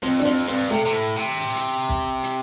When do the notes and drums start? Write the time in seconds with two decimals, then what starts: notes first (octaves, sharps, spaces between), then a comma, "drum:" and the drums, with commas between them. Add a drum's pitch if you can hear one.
0.02 F2 C4
0.19 D4, drum: hi-hat
0.25 F2 C4
0.47 G2 C4
0.70 C3 A3
0.85 C3, drum: hi-hat
0.93 A2
1.16 C3
1.55 drum: hi-hat
1.89 drum: kick B1
2.23 drum: hi-hat